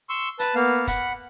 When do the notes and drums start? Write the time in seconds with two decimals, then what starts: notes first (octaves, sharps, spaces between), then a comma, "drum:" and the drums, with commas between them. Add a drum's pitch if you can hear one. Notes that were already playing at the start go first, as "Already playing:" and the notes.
0.09 C6 C#6 E6
0.39 B4 A5, drum: hi-hat
0.55 A#3 B3 F5
0.87 F#5 B5, drum: kick, hi-hat